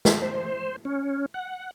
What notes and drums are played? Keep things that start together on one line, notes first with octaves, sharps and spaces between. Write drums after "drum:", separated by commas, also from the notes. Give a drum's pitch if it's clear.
drum: snare
C5
C#4
F#5